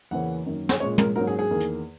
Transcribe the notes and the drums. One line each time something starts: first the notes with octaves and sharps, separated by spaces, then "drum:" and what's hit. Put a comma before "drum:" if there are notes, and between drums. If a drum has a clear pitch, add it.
E2 C#3 E3 A#3 C#4 F#5
F#2 D#3 A#3
drum: snare
A#2 G#3 C#4 C#5
A#4, drum: tom
G#2 F#3 A#3 C#4 A#4
G#4
G#4
E2 D#3 A#3
drum: hi-hat